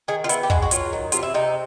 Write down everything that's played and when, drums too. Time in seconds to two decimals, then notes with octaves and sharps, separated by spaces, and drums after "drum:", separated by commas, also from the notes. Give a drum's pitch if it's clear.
0.08 D#3 G#4
0.24 F4
0.29 B3 E4, drum: hi-hat
0.43 G4
0.50 G#3 F#4, drum: kick
0.62 F#4
0.71 F#3 F4, drum: hi-hat
0.93 D#3
1.12 C3 F4, drum: hi-hat
1.23 E4
1.34 C3 D#4